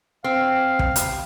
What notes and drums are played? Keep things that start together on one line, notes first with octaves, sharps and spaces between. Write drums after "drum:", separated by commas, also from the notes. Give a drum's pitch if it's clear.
C4 F5
drum: kick
drum: hi-hat